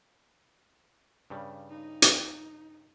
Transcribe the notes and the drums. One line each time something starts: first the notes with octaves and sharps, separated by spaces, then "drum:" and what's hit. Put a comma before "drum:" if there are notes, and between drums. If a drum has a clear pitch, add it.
G2 C#3 G3
D#4
drum: hi-hat